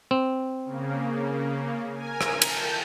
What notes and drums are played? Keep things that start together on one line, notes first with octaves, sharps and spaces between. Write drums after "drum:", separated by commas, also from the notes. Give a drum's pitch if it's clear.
C4
C#3 A#3
A#4 G#5
drum: rim click
A5 G6, drum: cymbal